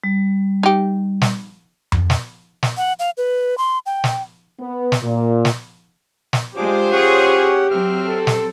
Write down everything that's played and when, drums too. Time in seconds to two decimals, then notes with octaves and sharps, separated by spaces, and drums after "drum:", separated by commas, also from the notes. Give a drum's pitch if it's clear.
0.04 G3
0.63 D#4 G4
1.21 drum: snare
1.92 drum: tom F2
2.10 drum: snare
2.63 drum: snare
2.77 F#5
2.99 F5
3.17 B4
3.58 C6
3.86 G5
4.04 drum: snare
4.60 B3
4.92 drum: snare
5.02 A#2
5.45 drum: snare
6.33 drum: snare
6.57 G#3 D4 F4 G4 G#4 C5 D6
6.92 C#4 G#4 C#5 F#5
7.71 F#3 C4 E5 F6
8.06 A4
8.27 drum: snare